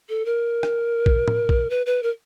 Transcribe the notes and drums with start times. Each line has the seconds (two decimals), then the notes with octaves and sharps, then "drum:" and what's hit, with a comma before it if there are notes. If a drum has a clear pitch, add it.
0.09 A4
0.25 A#4
0.63 drum: rim click
1.06 drum: kick B1
1.28 drum: tom A2
1.49 drum: kick B1
1.70 B4
1.86 B4
2.03 A#4